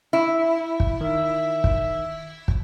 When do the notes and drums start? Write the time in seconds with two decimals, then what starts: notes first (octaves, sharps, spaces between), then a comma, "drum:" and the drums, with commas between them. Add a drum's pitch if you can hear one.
0.13 E4
0.80 drum: kick
1.01 D#3 E5
1.64 drum: kick
2.48 drum: kick